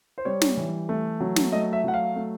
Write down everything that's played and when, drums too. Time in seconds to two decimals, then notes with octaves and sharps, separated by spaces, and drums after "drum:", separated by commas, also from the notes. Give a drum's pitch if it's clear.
0.18 C5
0.25 G3 C#5
0.41 drum: snare
0.57 E3
0.89 A3
1.20 F#3
1.36 drum: snare
1.52 A3 D#5
1.73 E5
1.84 F#3 F#5
1.94 F5
2.16 A3